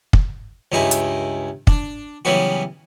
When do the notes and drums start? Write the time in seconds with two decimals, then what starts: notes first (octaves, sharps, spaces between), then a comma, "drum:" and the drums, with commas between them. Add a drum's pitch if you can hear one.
0.13 drum: kick
0.72 C#2 G2 D#4 E4 G#4
0.91 drum: hi-hat
1.67 D4, drum: kick
2.25 C#3 E3 F#3 G3 B3 F#4